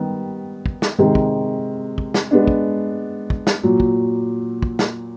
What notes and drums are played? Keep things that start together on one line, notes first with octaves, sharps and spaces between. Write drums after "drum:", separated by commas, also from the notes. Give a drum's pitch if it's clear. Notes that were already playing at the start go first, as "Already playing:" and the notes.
Already playing: D#3 G3 B3
drum: kick
drum: snare
C3 D#3 G#3
drum: kick
drum: kick
drum: snare
G#3 B3 D4
drum: kick
drum: kick
drum: snare
A#2 F#3
drum: kick
drum: kick
drum: snare